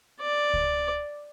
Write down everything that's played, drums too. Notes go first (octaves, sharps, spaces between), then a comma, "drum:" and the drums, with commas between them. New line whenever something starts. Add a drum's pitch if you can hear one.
D5
drum: kick C#2